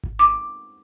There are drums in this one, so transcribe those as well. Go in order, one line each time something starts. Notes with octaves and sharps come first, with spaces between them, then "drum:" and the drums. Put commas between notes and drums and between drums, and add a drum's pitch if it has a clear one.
drum: kick G#1
D6